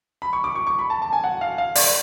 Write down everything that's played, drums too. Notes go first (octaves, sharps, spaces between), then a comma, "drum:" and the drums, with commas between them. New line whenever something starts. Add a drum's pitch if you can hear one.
B5
C#6
D6
C#6
C#6
B5
A5
A5
G#5
F#5
F5
F5
D5, drum: open hi-hat